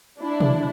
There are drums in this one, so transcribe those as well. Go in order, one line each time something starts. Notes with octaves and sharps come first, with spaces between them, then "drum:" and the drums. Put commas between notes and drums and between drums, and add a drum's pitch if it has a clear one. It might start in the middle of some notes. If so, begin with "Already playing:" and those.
D4 E4
drum: tom B2